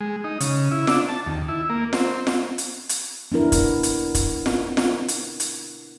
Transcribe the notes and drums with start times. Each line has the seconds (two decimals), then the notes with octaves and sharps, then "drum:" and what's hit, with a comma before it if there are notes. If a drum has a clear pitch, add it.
0.01 G#3
0.24 D#4
0.40 C#3, drum: hi-hat
0.72 E4
0.87 D4, drum: snare F4
1.09 A5
1.26 D#2
1.49 E4
1.70 A#3
1.93 C4, drum: snare F4
2.27 drum: snare F4
2.58 drum: hi-hat
2.89 drum: hi-hat
3.32 B3 D4 E4 A#4
3.52 drum: kick, hi-hat
3.83 drum: hi-hat
4.15 drum: kick, hi-hat
4.46 drum: snare F4
4.77 drum: snare F4
5.08 drum: hi-hat
5.40 drum: hi-hat